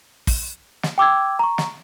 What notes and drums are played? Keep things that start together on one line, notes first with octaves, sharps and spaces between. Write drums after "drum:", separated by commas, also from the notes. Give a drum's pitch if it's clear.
drum: kick, open hi-hat
drum: snare
G5 D6 E6 G#6
A#5 C#6
drum: snare